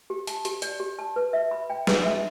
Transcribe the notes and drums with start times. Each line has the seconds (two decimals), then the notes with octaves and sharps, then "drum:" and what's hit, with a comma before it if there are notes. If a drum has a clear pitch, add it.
0.10 G4
0.27 A5, drum: hi-hat
0.45 G4, drum: hi-hat
0.62 D5, drum: hi-hat
0.80 G4
0.99 A5
1.16 B4
1.33 E5
1.51 B5
1.70 G5
1.87 B4, drum: snare
2.05 E5